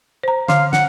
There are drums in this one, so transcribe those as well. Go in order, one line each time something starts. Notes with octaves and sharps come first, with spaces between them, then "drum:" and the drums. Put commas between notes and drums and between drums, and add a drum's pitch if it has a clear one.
C5 A#5
D3 F5 C6, drum: snare
F#5, drum: snare